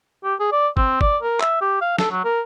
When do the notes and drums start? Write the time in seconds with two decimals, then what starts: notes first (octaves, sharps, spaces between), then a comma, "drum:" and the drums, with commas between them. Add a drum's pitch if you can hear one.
0.24 G4
0.40 G#4
0.52 D5
0.77 C4, drum: kick G#1
1.01 D5, drum: kick G#1
1.22 A#4
1.40 E5, drum: clap
1.61 G4
1.81 F5
1.99 A4, drum: snare
2.11 F#3
2.24 A#4